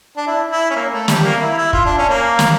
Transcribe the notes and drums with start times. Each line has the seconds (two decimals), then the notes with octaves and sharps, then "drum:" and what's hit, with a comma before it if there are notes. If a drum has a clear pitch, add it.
0.17 D4
0.27 E4
0.51 E4
0.70 C#4
0.76 A#3
0.92 A3
1.08 G3, drum: snare
1.24 A#3
1.42 E4
1.58 E4
1.73 F4, drum: kick
1.85 D4
1.98 C#4
2.10 A#3
2.39 drum: snare